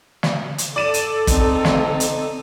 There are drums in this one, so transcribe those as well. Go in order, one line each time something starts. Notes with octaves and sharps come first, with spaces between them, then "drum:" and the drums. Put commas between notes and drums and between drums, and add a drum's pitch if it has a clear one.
drum: snare
drum: hi-hat
A4 D5 D#7 E7
drum: hi-hat
C4 D#4, drum: kick, hi-hat
drum: snare
drum: hi-hat